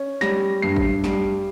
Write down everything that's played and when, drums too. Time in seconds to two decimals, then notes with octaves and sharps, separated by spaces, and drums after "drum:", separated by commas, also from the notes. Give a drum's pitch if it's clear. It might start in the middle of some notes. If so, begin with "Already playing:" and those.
Already playing: C#4
0.21 G3 A#6, drum: snare
0.62 G2 C7
0.76 drum: kick G#1
1.04 G3, drum: snare